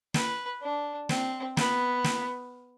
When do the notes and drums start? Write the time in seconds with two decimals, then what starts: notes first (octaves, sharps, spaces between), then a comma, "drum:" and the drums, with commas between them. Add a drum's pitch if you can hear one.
0.14 B4, drum: snare
0.62 D4
1.09 C4, drum: snare
1.57 B3, drum: snare
2.04 drum: snare